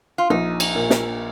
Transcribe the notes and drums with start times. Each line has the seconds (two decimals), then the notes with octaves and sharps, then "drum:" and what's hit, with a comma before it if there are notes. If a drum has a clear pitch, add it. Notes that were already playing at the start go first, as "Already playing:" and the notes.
0.18 F4
0.30 A#1 D#4
0.60 drum: cymbal
0.75 A#2
0.90 drum: snare